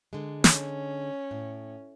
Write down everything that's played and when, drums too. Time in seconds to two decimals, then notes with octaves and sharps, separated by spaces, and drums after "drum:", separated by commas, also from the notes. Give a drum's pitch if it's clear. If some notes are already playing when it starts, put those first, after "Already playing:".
0.13 D3 G#3
0.44 C#4, drum: snare
1.31 A2